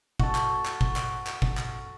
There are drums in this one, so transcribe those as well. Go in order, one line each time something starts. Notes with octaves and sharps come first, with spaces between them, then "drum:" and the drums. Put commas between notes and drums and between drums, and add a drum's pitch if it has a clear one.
F#4 A4, drum: kick
drum: clap
drum: clap
drum: kick
drum: clap
drum: clap
drum: kick
drum: clap